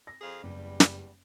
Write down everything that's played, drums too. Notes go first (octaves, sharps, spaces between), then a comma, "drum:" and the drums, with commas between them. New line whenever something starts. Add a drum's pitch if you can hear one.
A#6
F2 G#4 F5
F#1 E2 G3
drum: snare